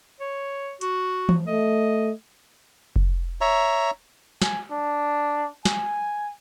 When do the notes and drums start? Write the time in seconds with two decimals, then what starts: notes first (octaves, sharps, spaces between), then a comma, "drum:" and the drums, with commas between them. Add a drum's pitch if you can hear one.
0.20 C#5
0.81 F#4, drum: hi-hat
1.29 drum: tom E3
1.47 A3 D#5
2.96 drum: kick F1
3.41 C#5 E5 A#5
4.42 G#5, drum: snare
4.72 D4
5.65 G#5, drum: snare